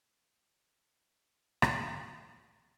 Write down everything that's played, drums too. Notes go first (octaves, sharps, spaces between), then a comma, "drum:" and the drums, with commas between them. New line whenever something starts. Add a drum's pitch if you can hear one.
E4
A4
A#3
G4
G#4
drum: rim click
C5
C#5
E4